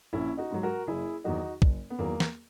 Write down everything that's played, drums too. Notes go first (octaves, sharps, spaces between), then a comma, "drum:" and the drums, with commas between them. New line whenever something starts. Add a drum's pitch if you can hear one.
A#1 C#4 E4
D#4 F#4
G#2 F#3
F#4 A#4
F#1 E4 G#4
E2 D#3 F#3 D#4 F#4
F#1, drum: kick
B3
E2 D#3 F#3 A#3
drum: snare